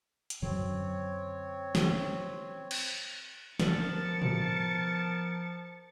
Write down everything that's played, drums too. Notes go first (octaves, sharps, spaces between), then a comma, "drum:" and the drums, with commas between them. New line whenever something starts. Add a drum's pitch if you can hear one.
drum: hi-hat
F#2 D3 F#3 C4 C#5
drum: snare
drum: cymbal
F3 B3 A#4 A5 A6 C#7, drum: snare
drum: tom A2